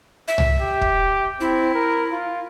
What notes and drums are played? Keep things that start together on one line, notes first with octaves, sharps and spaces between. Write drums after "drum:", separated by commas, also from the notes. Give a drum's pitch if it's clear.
E5
drum: tom C2
G4
drum: kick
C4 E4
A#4
F4